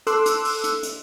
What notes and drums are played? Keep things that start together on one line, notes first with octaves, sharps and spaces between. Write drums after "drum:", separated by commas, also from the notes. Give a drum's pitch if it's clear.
A4 C6 D6 E6 F#6, drum: hi-hat
drum: hi-hat
drum: open hi-hat
drum: hi-hat
drum: hi-hat